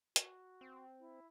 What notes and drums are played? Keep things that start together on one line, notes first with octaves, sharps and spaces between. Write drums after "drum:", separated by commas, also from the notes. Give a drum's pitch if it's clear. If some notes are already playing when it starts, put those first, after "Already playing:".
F#4, drum: hi-hat
C4
E4